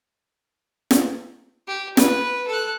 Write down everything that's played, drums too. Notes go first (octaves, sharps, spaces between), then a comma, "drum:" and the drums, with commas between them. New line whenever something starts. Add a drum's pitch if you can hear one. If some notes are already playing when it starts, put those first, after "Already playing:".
drum: snare
G4
B4, drum: snare
A4 F#6